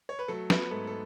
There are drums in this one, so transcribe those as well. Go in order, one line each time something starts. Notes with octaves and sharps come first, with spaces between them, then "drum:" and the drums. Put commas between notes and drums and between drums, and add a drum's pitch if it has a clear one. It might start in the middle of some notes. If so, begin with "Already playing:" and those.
C#5
B4
F#3 A3 A4
B3 B4, drum: snare
G#2 A3 A4
A4